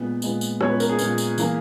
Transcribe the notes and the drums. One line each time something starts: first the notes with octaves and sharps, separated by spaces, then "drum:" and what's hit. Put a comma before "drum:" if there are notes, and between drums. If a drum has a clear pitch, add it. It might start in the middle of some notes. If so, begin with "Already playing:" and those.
Already playing: A#2 G#3 B3 B4
A#2 G#3 B3, drum: tambourine
drum: tambourine
A#2 G#3 B3 C#5, drum: rim click
B4
A#4, drum: tambourine
G#4
A#2 G#3 B3, drum: tambourine
drum: tambourine
E3 A#3, drum: tambourine